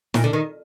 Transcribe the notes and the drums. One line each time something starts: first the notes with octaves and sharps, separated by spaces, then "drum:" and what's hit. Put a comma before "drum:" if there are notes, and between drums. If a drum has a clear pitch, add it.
A#2, drum: snare
D3
D#3